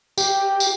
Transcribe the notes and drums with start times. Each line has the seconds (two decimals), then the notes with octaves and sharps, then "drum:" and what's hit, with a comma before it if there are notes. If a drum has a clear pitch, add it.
0.18 G4, drum: tambourine
0.60 drum: tambourine